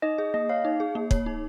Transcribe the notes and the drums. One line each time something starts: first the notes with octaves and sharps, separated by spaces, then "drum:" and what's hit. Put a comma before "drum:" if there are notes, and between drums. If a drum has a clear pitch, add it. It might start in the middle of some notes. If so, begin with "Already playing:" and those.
D#4 D#5
G#4 D#5
A#3 D#5
C#5 F5
D#4
G#4
A#3
C#5, drum: kick
D#4